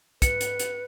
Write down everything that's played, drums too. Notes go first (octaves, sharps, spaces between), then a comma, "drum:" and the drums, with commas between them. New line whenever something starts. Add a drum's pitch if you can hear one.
B4 C#7, drum: kick, hi-hat
drum: hi-hat
drum: hi-hat